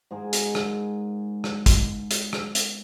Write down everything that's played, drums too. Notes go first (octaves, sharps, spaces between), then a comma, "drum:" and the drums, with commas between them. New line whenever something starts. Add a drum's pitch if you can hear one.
G#2 G#3 G#4 A#4
drum: hi-hat
drum: rim click
drum: rim click
drum: kick, hi-hat
drum: hi-hat
drum: rim click
drum: hi-hat